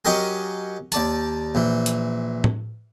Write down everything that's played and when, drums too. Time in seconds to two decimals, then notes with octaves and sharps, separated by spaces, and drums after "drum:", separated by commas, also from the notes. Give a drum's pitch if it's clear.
0.05 F#3 C#4 G4 A#4 D#5 G#5
0.92 D#2 D5 A5, drum: hi-hat
1.55 A#1 E3
1.86 drum: hi-hat
2.44 drum: tom A2